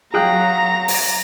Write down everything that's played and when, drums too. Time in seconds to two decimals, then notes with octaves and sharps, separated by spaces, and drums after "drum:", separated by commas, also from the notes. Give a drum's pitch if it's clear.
0.14 F#3 G#4 F5 G5 A#5 F#6
0.88 drum: open hi-hat